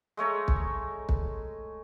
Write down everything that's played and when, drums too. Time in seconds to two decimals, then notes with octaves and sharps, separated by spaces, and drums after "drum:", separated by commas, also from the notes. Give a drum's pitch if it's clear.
0.17 G#3 A3 C#5 A#5
0.48 drum: kick
1.09 drum: kick